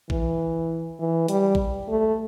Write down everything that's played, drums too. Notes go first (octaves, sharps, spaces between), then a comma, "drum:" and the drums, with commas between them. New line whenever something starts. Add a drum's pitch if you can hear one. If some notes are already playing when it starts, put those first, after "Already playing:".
E3, drum: kick A1
E3
G3, drum: hi-hat
drum: kick A1
A3